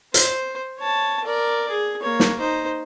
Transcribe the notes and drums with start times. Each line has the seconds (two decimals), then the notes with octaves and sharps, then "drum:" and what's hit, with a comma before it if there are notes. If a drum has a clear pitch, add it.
0.14 C5, drum: hi-hat
0.79 C#5 A5
1.24 A#4 D5
1.70 G#4
2.01 A#3 C#5
2.20 drum: snare
2.39 D#4 C5